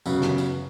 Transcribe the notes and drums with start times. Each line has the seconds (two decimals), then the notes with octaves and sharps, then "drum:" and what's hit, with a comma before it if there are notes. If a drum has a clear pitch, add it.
0.06 F#2 C#3 F#3 B3, drum: tambourine
0.22 drum: snare
0.38 drum: tambourine